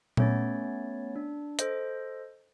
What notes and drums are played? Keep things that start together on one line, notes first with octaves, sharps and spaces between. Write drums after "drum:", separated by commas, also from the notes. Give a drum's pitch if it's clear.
A3 B3 C#4 C#5 B5 A6, drum: tom A#2
D4
A4 C5 D#5, drum: hi-hat